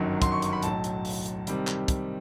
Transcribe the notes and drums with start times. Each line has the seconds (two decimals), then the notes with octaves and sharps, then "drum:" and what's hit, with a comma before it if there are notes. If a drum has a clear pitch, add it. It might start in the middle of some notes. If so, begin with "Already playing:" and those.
Already playing: G1 F#2 D#3 F#3
0.22 C6, drum: kick, hi-hat
0.32 C#6
0.42 C#6, drum: hi-hat
0.53 B5
0.62 B1 A2 F#3 A5, drum: hi-hat
0.84 drum: hi-hat
1.05 drum: open hi-hat
1.26 drum: hi-hat
1.47 C3 D#3 G3, drum: hi-hat
1.67 drum: clap
1.88 drum: kick, hi-hat